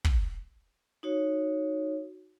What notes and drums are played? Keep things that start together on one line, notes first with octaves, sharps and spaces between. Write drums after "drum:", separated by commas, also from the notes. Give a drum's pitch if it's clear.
drum: kick
D#4 F#4 C#5